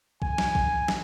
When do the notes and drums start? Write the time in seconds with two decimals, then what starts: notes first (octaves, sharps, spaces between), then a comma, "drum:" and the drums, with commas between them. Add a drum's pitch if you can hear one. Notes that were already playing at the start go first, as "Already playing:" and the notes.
0.22 G#5, drum: kick A#1
0.38 drum: snare
0.55 drum: kick A#1
0.88 drum: snare